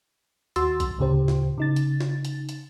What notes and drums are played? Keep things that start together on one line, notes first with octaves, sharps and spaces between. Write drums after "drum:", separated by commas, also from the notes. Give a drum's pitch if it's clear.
D#2 F#4 C6 E6 A6, drum: hi-hat
drum: kick B1, hi-hat
D2 A2 C#3 G4 C5
drum: snare
C#3 D#4 A6
drum: hi-hat
drum: snare
drum: hi-hat
drum: hi-hat